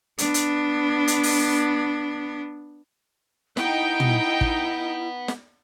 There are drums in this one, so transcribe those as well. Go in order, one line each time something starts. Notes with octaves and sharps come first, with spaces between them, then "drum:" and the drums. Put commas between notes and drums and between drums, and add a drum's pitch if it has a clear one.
B3 D4, drum: hi-hat
drum: hi-hat
drum: hi-hat
drum: open hi-hat
D#4 E4 B4 F#5 G5, drum: snare
drum: tom
drum: kick
drum: snare